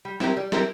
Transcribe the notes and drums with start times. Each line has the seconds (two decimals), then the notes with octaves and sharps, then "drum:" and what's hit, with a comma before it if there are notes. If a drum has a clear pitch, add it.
0.05 G3
0.20 C4 E4 G4 A#4, drum: snare
0.37 G3
0.52 C4 E4 G4 A#4, drum: snare